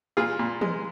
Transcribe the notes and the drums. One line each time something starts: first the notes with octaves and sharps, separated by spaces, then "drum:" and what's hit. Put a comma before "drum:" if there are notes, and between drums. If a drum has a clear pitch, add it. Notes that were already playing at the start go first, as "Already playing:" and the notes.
A#2 F4 G#4
A#2
G#3, drum: tom E3